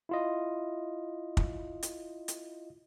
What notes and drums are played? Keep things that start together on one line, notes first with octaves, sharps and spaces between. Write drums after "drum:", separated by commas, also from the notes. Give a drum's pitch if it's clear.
E4 F4 D#5
drum: kick
drum: hi-hat
drum: hi-hat